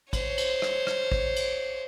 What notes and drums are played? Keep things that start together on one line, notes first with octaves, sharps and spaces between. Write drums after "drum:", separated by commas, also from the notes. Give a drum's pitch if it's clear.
C5 C#5, drum: kick, cymbal
drum: cymbal
drum: rim click
drum: rim click
drum: kick
drum: cymbal